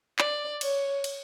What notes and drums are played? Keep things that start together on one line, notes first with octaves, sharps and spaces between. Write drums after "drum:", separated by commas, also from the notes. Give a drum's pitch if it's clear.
D5, drum: clap
C#5, drum: cymbal
drum: cymbal